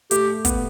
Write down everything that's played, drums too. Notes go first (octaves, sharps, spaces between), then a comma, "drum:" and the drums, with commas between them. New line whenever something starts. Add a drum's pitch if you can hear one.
A3 G4, drum: hi-hat
B3, drum: kick, hi-hat